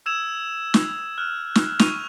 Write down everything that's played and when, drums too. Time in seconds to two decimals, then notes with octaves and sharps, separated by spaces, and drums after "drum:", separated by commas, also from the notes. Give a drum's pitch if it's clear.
0.06 D#6 E6 G#6 E7 F7
0.74 drum: snare
1.18 F6 F#6
1.55 drum: snare
1.79 C#6 F6 D#7 F7, drum: snare